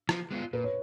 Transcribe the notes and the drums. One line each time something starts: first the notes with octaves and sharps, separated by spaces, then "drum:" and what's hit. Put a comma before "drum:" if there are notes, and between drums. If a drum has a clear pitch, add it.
F3, drum: rim click
G#3 B3 F4
A#2 B4
C#5